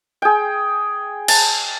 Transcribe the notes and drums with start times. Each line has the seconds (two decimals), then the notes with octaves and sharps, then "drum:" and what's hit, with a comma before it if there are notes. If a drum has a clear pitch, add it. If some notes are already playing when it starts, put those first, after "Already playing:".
0.22 G#4 G5
1.28 A5, drum: cymbal